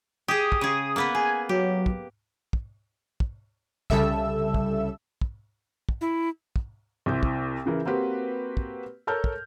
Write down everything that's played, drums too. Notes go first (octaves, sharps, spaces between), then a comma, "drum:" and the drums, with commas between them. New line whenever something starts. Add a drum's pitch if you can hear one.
G4 G#4 D#6
drum: kick
C#3 G#4
A#3 B3 B4
G#4 G#5
F#3 G4
drum: kick
drum: kick
drum: kick
C2 C#3 G3 A4 E5 E6, drum: kick
drum: kick
drum: kick
drum: kick
E4
drum: kick
C2 C4 E4 G6
drum: kick
C#3 E3 A#4
A#3 C4 F#4 G4 B4
drum: kick
A4 A#4 C#5 A5 F6 G6
drum: kick